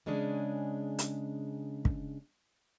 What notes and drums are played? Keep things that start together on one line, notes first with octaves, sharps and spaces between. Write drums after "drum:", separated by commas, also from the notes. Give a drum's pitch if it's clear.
C#3 G#3 C#4 D4 G#4
drum: hi-hat
drum: kick